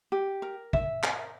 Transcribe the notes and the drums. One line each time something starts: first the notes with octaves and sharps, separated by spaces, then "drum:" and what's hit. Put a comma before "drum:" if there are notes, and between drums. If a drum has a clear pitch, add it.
G4
A#4
E5, drum: kick
A#4, drum: clap